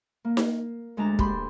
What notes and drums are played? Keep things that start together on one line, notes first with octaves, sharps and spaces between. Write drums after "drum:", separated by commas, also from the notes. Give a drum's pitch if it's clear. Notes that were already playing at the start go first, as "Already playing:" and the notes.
A#3
drum: snare D#4
D2 G#3 D4 A5 A#5
G4 C5 B5 C6, drum: kick